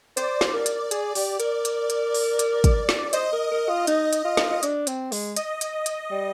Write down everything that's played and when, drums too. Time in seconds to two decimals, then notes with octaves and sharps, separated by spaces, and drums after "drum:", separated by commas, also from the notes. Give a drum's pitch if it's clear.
0.17 C5 D5, drum: hi-hat
0.41 drum: snare
0.54 A#4
0.66 drum: hi-hat
0.91 G#4, drum: hi-hat
1.15 G4, drum: open hi-hat
1.40 A#4, drum: hi-hat
1.65 drum: hi-hat
1.90 drum: hi-hat
2.14 drum: open hi-hat
2.39 drum: hi-hat
2.64 drum: kick, hi-hat
2.89 drum: snare
3.13 C5 D#5, drum: hi-hat
3.33 A#4
3.51 A#4
3.69 F4
3.87 D#4, drum: hi-hat
4.13 drum: hi-hat
4.25 F4
4.37 drum: snare
4.63 D4, drum: hi-hat
4.87 C4, drum: hi-hat
5.12 G#3, drum: open hi-hat
5.36 D#5, drum: hi-hat
5.61 drum: hi-hat
5.86 drum: hi-hat
6.11 G3